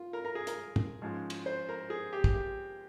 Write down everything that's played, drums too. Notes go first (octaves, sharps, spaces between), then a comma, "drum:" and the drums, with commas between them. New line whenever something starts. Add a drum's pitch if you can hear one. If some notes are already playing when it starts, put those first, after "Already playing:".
Already playing: F4
A#4
A#4
G#4
A#4, drum: hi-hat
drum: tom
G#2 F3 G#3 C#4 F4
drum: cymbal
C5
A#4
G#4
G4
drum: kick
G4